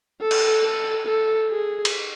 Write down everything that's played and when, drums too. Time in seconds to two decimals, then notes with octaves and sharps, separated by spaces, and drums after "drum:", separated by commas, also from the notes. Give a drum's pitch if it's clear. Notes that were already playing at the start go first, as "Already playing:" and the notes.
0.21 A4
0.31 drum: cymbal
0.64 A4
1.07 A4
1.51 G#4
1.85 drum: cymbal